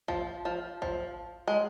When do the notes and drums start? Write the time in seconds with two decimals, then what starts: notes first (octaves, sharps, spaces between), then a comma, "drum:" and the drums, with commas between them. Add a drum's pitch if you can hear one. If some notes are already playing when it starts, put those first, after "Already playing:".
0.08 F3, drum: kick
0.45 F3
0.82 F3, drum: kick
1.48 G#3